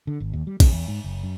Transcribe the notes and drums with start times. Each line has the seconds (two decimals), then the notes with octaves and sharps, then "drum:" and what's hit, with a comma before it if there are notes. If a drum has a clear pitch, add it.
0.07 D3
0.20 G#1
0.33 D#2
0.47 G3
0.60 C#3, drum: kick, cymbal
0.73 E2
0.88 G#2
1.04 F#1
1.23 F#2